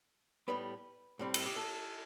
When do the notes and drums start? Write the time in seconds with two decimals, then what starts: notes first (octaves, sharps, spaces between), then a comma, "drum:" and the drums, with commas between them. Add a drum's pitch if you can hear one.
0.48 A2 G3 B3 B4
1.19 A2 G3 C4
1.34 drum: cymbal
1.46 G4
1.56 A4